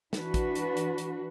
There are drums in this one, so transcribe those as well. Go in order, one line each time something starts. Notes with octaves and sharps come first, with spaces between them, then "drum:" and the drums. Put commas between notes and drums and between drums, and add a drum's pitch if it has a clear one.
E3 D4 F#4 B4, drum: snare
drum: kick, hi-hat
drum: hi-hat
drum: hi-hat
drum: hi-hat